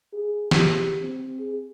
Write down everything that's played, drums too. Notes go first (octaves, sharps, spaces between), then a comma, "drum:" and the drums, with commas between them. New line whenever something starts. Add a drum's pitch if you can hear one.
G#4
G4, drum: snare
C4
G#4